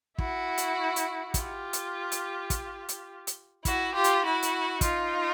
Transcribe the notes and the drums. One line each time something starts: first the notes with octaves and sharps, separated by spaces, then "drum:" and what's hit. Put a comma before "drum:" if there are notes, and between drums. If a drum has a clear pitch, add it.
E4 F#4, drum: kick
drum: hi-hat
drum: hi-hat
F4 G4, drum: kick, hi-hat
drum: hi-hat
drum: hi-hat
drum: kick, hi-hat
drum: hi-hat
drum: hi-hat
E4 F#4, drum: kick, hi-hat
F4 G4
drum: hi-hat
E4 F#4
drum: hi-hat
D#4 F4, drum: kick, hi-hat